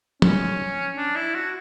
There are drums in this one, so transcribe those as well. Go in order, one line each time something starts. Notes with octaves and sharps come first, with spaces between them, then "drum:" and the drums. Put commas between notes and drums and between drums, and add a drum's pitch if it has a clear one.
C#4, drum: tom
D4
E4
F#4